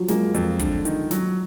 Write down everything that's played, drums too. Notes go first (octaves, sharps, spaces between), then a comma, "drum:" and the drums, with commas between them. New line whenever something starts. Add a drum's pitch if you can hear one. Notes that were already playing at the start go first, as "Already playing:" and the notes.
Already playing: F3 F#3
G#3 A#3, drum: snare
F2, drum: hi-hat
D3, drum: kick, hi-hat
D#3, drum: hi-hat
F#3, drum: snare